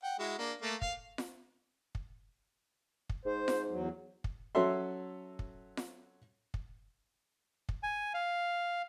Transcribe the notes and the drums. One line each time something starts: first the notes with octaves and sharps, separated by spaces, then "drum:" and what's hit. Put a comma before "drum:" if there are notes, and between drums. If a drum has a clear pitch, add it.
F#5 G5
G#3 E4 F#4
A#3 D4
A3 A#3
F5, drum: kick
drum: snare F4
drum: kick
drum: kick
G#2 C5
drum: snare F4
E2 F#3
drum: kick
F#3 C#4 F#4 A4 E5 C6
drum: kick
drum: snare F4
drum: kick
drum: kick
G#5
F5